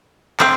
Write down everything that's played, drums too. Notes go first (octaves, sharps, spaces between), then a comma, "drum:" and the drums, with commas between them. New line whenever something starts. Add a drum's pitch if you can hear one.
C4, drum: clap